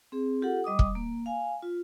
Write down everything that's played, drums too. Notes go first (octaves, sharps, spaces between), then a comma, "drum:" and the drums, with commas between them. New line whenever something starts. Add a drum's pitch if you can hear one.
C4 G#4
F4 G4 A4 F#5
G3 D#5 D6 D#6
drum: kick
A#3
F5 G#5
F4